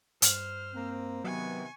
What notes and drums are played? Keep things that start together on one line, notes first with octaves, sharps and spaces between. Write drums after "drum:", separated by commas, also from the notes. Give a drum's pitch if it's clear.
G2 C5 F6, drum: hi-hat
A#3 C4
C3 D#3 F#3 B3 G#5 C#6